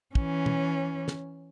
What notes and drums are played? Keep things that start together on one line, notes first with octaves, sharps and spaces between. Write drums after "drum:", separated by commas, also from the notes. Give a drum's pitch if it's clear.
E3 C#4, drum: kick
drum: tom
drum: snare